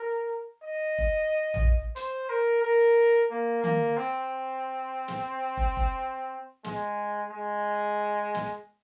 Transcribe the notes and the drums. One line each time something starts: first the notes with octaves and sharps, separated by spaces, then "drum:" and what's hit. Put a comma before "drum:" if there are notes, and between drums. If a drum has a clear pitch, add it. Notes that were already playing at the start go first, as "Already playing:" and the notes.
Already playing: A#4
D#5
drum: kick
drum: tom A#1
C5, drum: hi-hat
A#4
A#4
A#3
A#3, drum: tom D#3
C4
drum: snare
drum: kick
drum: kick
G#3, drum: snare
G#3
drum: snare